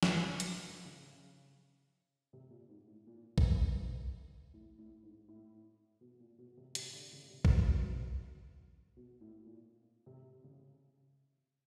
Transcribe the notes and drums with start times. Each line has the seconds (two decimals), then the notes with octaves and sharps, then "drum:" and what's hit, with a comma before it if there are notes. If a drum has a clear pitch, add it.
0.03 C#3, drum: snare
0.11 D3
0.40 drum: hi-hat
0.85 C#3
2.33 C3
2.50 A#2
2.69 G#2
2.87 A2
3.07 A#2
3.38 drum: kick
4.54 A2
4.79 A2
5.03 G#2
5.28 A2
6.01 B2
6.20 A#2
6.38 B2
6.57 C3
6.75 C3, drum: hi-hat
6.93 D3
7.12 C#3
7.30 C3
7.45 C3, drum: kick
7.49 B2
8.97 B2
9.21 A2
9.46 A#2
10.06 C3
10.44 C#3